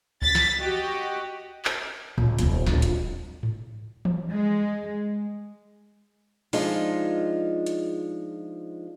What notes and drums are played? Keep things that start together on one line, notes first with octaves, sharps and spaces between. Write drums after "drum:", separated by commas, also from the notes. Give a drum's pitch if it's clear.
A6 B6, drum: kick C#2
drum: snare
F#4 G4 D#5
drum: clap
C#2, drum: tom A2
D#1 B2, drum: hi-hat
D1 A#1, drum: snare
drum: hi-hat
drum: tom G#2
drum: tom E3
G#3
F3 G#3 D4 D#4 F4, drum: open hi-hat
drum: hi-hat